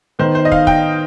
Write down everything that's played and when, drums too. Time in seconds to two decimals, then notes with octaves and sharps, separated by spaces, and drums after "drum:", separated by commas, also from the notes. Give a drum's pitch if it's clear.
0.19 D#3 B3 C5
0.35 C5
0.45 D#5
0.52 F5, drum: kick
0.67 G5, drum: kick